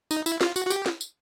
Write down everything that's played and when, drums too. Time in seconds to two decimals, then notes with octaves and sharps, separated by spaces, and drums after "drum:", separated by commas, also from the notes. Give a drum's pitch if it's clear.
0.11 D#4, drum: tambourine
0.26 E4, drum: tambourine
0.41 F4, drum: snare
0.56 F#4, drum: tambourine
0.67 F#4
0.70 G4, drum: tambourine
0.86 drum: snare
1.01 drum: tambourine